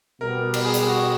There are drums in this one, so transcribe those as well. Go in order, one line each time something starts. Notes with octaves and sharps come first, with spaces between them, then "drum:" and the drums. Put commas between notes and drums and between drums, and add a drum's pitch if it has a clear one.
B2 G3 B3 A#4
drum: cymbal
G#4
drum: hi-hat
F#4